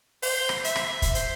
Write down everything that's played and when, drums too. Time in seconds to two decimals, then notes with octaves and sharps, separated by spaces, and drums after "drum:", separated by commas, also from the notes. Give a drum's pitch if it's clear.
0.22 C5, drum: open hi-hat
0.49 drum: rim click
0.64 E5, drum: hi-hat
0.76 drum: rim click
1.02 drum: kick, hi-hat
1.15 C5, drum: hi-hat